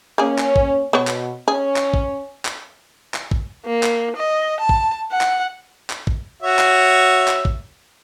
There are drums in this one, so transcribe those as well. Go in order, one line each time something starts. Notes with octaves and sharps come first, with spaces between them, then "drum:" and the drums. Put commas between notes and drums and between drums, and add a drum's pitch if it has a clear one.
A#3 C#4 G#4
drum: clap
drum: kick
B2 B3 C#5
drum: clap
C#4 G#4
drum: clap
drum: kick
drum: clap
drum: clap
drum: kick
A#3
drum: clap
D#5
A5
drum: kick
F#5
drum: clap
drum: clap
drum: kick
F#4 C#5 E5
drum: clap
drum: clap
drum: kick